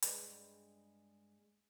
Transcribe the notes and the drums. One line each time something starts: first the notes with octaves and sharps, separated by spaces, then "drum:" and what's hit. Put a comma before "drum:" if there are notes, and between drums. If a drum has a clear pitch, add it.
G2 G#3 B4, drum: hi-hat